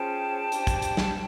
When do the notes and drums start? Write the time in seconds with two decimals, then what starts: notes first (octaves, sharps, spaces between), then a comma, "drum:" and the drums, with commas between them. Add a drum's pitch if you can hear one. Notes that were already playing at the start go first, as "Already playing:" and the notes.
Already playing: C#4 F4 G#4 C5 G5 A5
0.52 D4 G4 C5, drum: hi-hat
0.67 drum: kick, hi-hat
0.82 drum: hi-hat
0.97 drum: snare